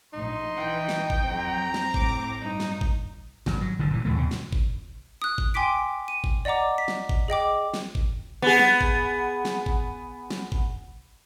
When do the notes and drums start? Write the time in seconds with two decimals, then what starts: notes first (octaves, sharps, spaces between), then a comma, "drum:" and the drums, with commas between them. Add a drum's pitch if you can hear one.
0.13 A#1 A2 D#4 C6
0.56 E3 G5
0.89 drum: snare
1.10 drum: kick G1
1.24 F2 F#3 C4 A#5
1.74 drum: snare
1.94 A2 D6, drum: kick G1
2.41 G2 D#4
2.60 drum: snare
2.81 drum: kick G1
3.46 G#1 G2, drum: snare
3.61 F#3
3.79 G1 G#2 D3
3.91 A#2 E3
4.05 E2 A2 E3 A3
4.17 D#2 B2
4.31 drum: snare
4.53 drum: kick G1
5.22 D#6 F#6
5.38 drum: kick G1
5.54 G5 G#5 C6 D6 B6 D7
6.08 D#7
6.24 drum: kick G1
6.45 D5 D#5 F#5 A#5 D6
6.78 B6
6.88 drum: snare
7.09 drum: kick G1
7.28 G#4 D#5 G5 D6
7.74 drum: snare
7.95 drum: kick G1
8.42 B3 G#4
8.59 drum: snare
8.81 drum: kick G1
9.45 drum: snare
9.66 drum: kick G1
10.31 drum: snare
10.52 drum: kick G1